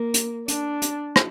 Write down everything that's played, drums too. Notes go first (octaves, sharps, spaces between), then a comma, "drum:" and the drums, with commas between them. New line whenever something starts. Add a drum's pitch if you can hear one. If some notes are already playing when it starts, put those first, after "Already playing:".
Already playing: A#3
drum: hi-hat
D4, drum: hi-hat
drum: hi-hat
drum: rim click